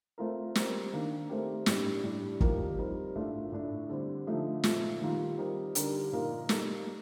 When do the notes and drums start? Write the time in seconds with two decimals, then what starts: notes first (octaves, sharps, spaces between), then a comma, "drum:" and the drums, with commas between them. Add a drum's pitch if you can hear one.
0.18 A3 C4 F4 A#4
0.55 G3 C4 G4 A#4, drum: snare
0.93 D#3 A#3 D4
1.29 A3 C4 G4 A#4
1.66 A2 G3 D4 G4, drum: snare
2.04 A2 G3 D4
2.40 F3 A#3 D#4 G4 A#4, drum: kick
2.78 G3 C4 D#4 A#4
3.15 A2 A3 D4 F4
3.52 A2 A3 D4
3.89 D3 G3 C4
4.27 D3 F3 A3 D#4
4.63 A#2 F3 A3, drum: snare
5.01 D#3 G3 A#3 F4
5.38 G3 C4 D#4 G4 A#4
5.75 D3 G3 D4 G4 A#4, drum: hi-hat
6.12 A#2 F3 A#3 D#4 A#4
6.49 G3 A#3 D#4 A4, drum: snare